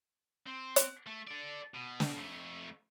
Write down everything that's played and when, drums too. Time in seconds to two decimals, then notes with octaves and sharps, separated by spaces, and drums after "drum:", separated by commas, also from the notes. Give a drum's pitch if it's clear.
0.47 C4
0.76 drum: hi-hat
1.07 A3
1.27 A4 D5
1.74 B2
2.00 drum: snare
2.16 F2 A3